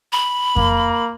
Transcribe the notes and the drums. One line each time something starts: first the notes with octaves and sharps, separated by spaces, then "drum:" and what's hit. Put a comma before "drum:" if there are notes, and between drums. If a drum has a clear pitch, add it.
B5
A#3, drum: kick F2